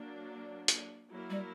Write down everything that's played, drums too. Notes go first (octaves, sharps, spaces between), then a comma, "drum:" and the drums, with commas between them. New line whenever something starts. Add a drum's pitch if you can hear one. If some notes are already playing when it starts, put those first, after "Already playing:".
Already playing: F#3 A#3 D4
drum: hi-hat
F#3 A#3 E4 A#4
G3